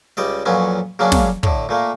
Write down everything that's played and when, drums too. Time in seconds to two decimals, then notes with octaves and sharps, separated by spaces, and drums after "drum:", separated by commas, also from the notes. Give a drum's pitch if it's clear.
0.17 C#2 G3 D5 D#5
0.45 F2 A#2 F#3 B3 C#4
0.99 C#3 F#3 A#3 C#4 D4
1.12 drum: snare
1.43 A2 D3, drum: kick
1.69 A#2 A3 A#3